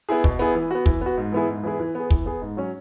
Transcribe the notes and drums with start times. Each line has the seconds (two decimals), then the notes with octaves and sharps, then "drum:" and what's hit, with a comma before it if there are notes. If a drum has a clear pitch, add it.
0.09 B3 E4 G#4
0.24 B2, drum: kick
0.39 B3 E4 G#4
0.55 E3
0.71 B3 F#4
0.86 E3, drum: kick
1.01 B3 F#4
1.17 G#2
1.33 E3 B3 E4 G#4
1.48 G#2
1.64 E3 B3 E4 G#4
1.80 E3
1.95 B3 G#4
2.10 E3, drum: kick
2.26 B3 G#4
2.42 G#2
2.57 F#3 C#4